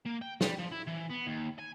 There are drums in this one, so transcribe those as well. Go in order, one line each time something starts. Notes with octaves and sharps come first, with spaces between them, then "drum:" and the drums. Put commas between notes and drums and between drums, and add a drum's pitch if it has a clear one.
A#3
G5
G3, drum: snare
F3
E4
E3
B3
D#2
G#5